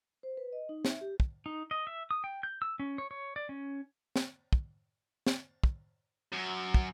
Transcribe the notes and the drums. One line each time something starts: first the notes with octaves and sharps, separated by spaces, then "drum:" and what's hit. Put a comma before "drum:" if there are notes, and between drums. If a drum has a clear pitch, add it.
C5
B4
D#5
D#4
E5, drum: snare
G4
drum: kick
D#4
D#5
E5
D#6
G5
G6
E6
C#4
C#5
C#5
D5
C#4
drum: snare
drum: kick
drum: snare
drum: kick
F#2
drum: kick